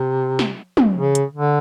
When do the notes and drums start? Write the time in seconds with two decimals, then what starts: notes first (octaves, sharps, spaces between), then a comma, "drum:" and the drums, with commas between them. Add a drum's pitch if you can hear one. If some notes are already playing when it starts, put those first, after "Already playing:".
Already playing: C3
0.39 drum: snare
0.77 drum: tom
0.97 C#3
1.15 drum: hi-hat
1.34 D3